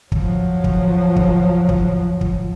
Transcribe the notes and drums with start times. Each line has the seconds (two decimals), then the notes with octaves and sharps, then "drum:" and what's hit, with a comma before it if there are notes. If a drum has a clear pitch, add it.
0.12 F3 F#3, drum: kick
0.64 drum: kick
1.16 drum: kick
1.69 drum: kick
2.21 drum: kick